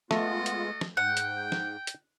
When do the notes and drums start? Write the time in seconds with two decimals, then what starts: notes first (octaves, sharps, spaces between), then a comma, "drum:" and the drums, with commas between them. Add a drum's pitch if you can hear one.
0.11 G#3 A3 B3 F4 F#4 A4 D#5, drum: snare
0.46 drum: hi-hat
0.81 drum: snare
0.97 G#2 F#5 G5
1.17 drum: hi-hat
1.52 drum: snare
1.87 drum: hi-hat